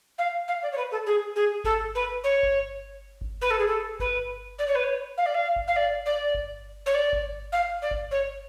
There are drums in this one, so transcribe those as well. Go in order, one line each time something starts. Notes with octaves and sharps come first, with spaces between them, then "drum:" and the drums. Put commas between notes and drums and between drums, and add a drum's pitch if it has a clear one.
F5
F5
D5
C#5
B4
A4
G#4
G#4
A4, drum: kick G1
B4
C#5
drum: kick G1
drum: kick G1
B4
A4
G#4
A4
B4, drum: kick G1
D5
C#5
B4
C#5
F5
D5
F5
drum: kick G1
F5
D5
D5
drum: kick G1
C#5
D5
drum: kick G1
F5
D5
drum: kick G1
C#5